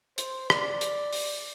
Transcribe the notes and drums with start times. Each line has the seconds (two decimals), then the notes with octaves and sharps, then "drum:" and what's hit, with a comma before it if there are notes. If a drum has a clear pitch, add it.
0.18 C5, drum: hi-hat
0.50 D5, drum: rim click
0.81 drum: hi-hat
1.13 drum: open hi-hat